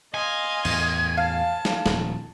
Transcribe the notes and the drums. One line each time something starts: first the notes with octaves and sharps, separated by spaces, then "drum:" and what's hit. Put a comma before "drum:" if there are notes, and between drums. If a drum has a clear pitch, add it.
D#5 F5 G#5 C6
E2 A2, drum: cymbal
F5 A5
drum: snare
D#1 F3, drum: snare